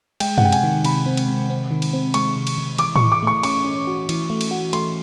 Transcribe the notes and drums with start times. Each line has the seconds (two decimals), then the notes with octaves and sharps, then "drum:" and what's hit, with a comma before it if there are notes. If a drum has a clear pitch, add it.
0.20 G#3 G5, drum: cymbal
0.38 F#5, drum: tom F#2
0.41 C3 G5
0.52 G#5, drum: cymbal
0.63 D#3
0.84 C3 B5, drum: cymbal
1.06 C4
1.17 drum: cymbal
1.28 C3
1.50 C4
1.71 D#3
1.82 drum: cymbal
1.93 C4
2.14 G#3 C#6, drum: cymbal
2.36 C3
2.47 drum: cymbal
2.58 C3
2.78 E3 D6, drum: cymbal
2.96 E3 C#6, drum: tom A2
3.12 D6
3.23 A3 C#6
3.43 C#4 C#6, drum: cymbal
3.65 C#4
3.87 F#4
4.09 E3, drum: cymbal
4.30 A3
4.41 drum: cymbal
4.51 F#4
4.73 A3 C6, drum: cymbal